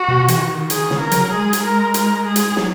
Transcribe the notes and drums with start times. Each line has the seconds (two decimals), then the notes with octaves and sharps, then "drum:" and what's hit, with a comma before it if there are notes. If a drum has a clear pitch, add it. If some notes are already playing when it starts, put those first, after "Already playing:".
Already playing: F#4
0.08 B2
0.28 E3, drum: hi-hat
0.39 D#3
0.70 D#3 G#4, drum: hi-hat
0.90 C#3, drum: snare
1.01 A#4
1.11 F#3, drum: hi-hat
1.32 G#3 G#4
1.53 drum: hi-hat
1.63 A#4
1.94 A#4, drum: hi-hat
2.26 G#4
2.36 drum: hi-hat
2.51 G#3
2.56 F#3, drum: snare